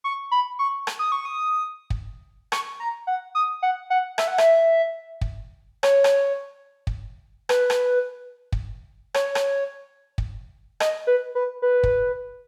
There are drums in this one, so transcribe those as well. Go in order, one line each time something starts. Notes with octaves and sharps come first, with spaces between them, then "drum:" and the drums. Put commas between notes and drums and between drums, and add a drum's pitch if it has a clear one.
C#6
B5
C#6
drum: rim click
D#6
C#6
D#6
drum: kick
C#6, drum: rim click
A#5
F#5
D#6
F#5
F#5
E5, drum: rim click
F#5
E5, drum: rim click
drum: kick
C#5, drum: rim click
drum: rim click
drum: kick
B4, drum: rim click
drum: rim click
drum: kick
C#5, drum: rim click
drum: rim click
drum: kick
D#5, drum: rim click
B4
B4
B4
drum: kick